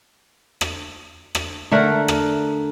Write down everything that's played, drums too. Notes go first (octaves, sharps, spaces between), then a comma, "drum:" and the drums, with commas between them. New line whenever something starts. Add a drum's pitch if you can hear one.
drum: rim click
drum: rim click
D3 A3 A#4 F#5
drum: rim click